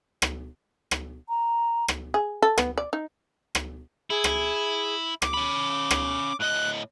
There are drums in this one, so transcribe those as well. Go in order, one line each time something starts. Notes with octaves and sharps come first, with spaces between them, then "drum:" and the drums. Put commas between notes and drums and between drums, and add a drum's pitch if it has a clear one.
drum: rim click
drum: rim click
A#5
drum: rim click
G#4
A4
B3, drum: rim click
D5
D#4
drum: rim click
E4 G#4
drum: rim click
D6, drum: rim click
C#4 B5
drum: rim click
A2 D#5 F#6